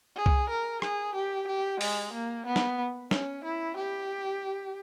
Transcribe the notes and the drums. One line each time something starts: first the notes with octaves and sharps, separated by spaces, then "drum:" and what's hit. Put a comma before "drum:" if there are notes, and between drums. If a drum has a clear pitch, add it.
G#4
drum: kick
A#4
G#4, drum: rim click
G4
G4
G#3, drum: open hi-hat
A#3
B3
drum: snare
C#4, drum: snare
E4
G4